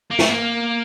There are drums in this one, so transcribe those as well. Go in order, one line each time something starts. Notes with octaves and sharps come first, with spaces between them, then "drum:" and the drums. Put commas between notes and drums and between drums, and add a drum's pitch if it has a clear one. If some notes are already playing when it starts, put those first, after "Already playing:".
A#3
A3, drum: snare
A#3